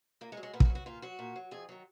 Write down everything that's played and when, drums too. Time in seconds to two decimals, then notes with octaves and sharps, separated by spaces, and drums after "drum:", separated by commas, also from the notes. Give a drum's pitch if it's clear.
0.21 A#2 A#3
0.32 G#3
0.37 F#3
0.43 G#3
0.53 A#2 B3
0.60 G#4, drum: kick
0.65 F#4
0.70 F#3
0.75 F#4
0.86 A#2 F4
1.02 F#3 F#4
1.19 A#2
1.36 F#3
1.51 F2 G#4
1.69 D#3 F#3